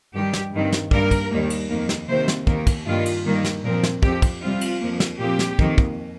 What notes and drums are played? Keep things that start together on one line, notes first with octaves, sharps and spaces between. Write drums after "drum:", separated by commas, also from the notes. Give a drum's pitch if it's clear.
G2 D#3 G3 G4
drum: snare
G2 D#3 C4
drum: snare
G2 G3 A#3 A#4, drum: kick
drum: kick, cymbal
D#2 D#3 G3 A#3
drum: cymbal
F2 D#3 A#3
drum: snare
C3 D#3 A#3 C5
drum: snare
D#2 D#3 A#3 A#4, drum: kick
drum: kick, cymbal
G2 D#3 G3 A#3 F4
drum: cymbal
G2 D#3 G3 A#3
drum: snare
A#2 F3 C4 A#4
drum: snare
F2 F3 C4 G4, drum: kick
drum: kick, cymbal
C3 G3 C4 F4
drum: cymbal
F2 F3 A#3
drum: snare
A#2 F3 C4 G4
drum: snare
F2 D#3 A#3, drum: kick
drum: kick